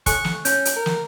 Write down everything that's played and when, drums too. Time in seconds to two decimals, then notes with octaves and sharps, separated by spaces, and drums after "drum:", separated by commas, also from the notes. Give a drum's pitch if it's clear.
0.06 A4 G#5 C#6 F#6, drum: kick, hi-hat
0.25 drum: snare
0.45 C#4 G6, drum: hi-hat
0.65 drum: hi-hat
0.76 A#4
0.86 drum: snare